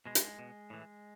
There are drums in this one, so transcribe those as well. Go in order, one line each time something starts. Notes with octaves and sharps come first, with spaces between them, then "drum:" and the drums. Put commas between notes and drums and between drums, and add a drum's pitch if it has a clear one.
B2 G#3
drum: hi-hat
B2
A2 E3